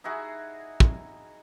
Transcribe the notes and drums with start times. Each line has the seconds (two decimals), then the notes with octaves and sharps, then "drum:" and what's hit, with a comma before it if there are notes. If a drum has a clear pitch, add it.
0.04 D#4 E4 F#4 G#4
0.80 drum: kick